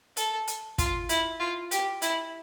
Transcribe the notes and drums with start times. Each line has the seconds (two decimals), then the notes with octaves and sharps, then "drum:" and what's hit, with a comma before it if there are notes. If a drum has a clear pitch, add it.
0.17 A4, drum: hi-hat
0.47 drum: hi-hat
0.78 F4, drum: kick, hi-hat
1.09 E4, drum: hi-hat
1.40 F4
1.71 G4, drum: hi-hat
2.02 E4, drum: hi-hat